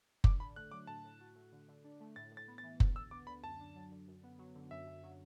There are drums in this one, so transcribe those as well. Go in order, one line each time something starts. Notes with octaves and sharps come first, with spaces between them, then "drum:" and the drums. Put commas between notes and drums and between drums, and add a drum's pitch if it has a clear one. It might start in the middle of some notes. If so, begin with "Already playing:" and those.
D3 D6, drum: kick F#1
D4 B5
A3 F#6
F#3 D6
A2 A5
A2
F#4
A3
D3
D3
D4
A3
A2 A6
A2
A6
B3
A6
E3
D2, drum: kick F#1
D2 E6
B3 D6
D3 B5
F#2 A5
D4
F#3
D3
F#2
B3
F#3
D3
F#2 E5
F#2
F#3